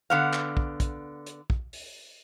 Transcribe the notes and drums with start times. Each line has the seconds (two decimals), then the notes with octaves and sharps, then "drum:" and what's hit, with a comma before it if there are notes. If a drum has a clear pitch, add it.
0.10 D3 B3 F5
0.33 drum: clap
0.57 drum: kick
0.80 drum: kick, hi-hat
1.26 drum: hi-hat
1.50 drum: kick
1.73 drum: open hi-hat